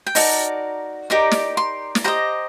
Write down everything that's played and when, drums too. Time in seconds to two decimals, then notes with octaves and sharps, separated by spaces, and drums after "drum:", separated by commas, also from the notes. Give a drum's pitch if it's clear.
0.07 G5
0.15 D#4 F#4 A#4 D5 A5, drum: open hi-hat
1.10 D#4 G4 A#4 D5 A#5
1.31 drum: snare
1.57 C6
1.95 drum: snare
2.04 G4 C5 D#5 A#5